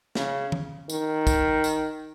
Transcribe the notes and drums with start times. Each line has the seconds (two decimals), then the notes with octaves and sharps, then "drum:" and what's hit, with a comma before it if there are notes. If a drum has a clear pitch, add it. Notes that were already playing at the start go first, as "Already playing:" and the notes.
0.15 C#3, drum: snare
0.52 drum: tom D#3
0.90 D#3, drum: tambourine
1.27 drum: kick, tambourine
1.64 drum: tambourine